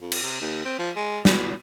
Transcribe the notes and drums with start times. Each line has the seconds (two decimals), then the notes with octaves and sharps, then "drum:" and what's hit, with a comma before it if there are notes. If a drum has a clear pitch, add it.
0.01 F2
0.12 drum: cymbal
0.23 C3
0.41 D#2
0.66 C4
0.79 F3
0.96 G#3
1.25 B2, drum: snare